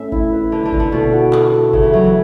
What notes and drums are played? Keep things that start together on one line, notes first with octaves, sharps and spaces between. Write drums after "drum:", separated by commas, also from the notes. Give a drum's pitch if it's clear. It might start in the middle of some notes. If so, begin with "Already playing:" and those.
Already playing: A2 C#4 E5
E4, drum: kick G1
B4
D3 B4
D3
B4, drum: kick G1
D3
B2 A4
F#4
A4, drum: clap
A4
C#3 A3, drum: kick G1
E3
F#3 A3
E3